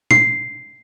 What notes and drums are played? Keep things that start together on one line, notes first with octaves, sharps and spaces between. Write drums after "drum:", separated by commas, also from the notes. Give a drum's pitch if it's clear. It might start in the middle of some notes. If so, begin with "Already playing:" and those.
C7, drum: tom